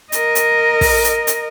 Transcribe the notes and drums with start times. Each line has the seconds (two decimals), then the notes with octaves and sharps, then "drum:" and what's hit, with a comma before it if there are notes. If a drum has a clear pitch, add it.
0.12 A#4 D#5, drum: hi-hat
0.35 drum: hi-hat
0.81 drum: kick, open hi-hat
1.04 drum: hi-hat
1.27 drum: hi-hat